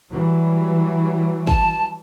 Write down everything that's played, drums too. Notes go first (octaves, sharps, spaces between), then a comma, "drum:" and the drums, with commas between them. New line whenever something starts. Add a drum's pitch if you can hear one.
E3 F#3 G3
A5, drum: kick